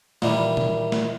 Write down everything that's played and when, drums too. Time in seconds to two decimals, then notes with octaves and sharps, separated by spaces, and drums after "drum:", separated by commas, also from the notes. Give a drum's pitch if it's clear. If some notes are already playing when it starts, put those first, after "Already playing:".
0.22 A#2 D#3 E3 G3, drum: snare
0.57 drum: tom A#2
0.92 drum: snare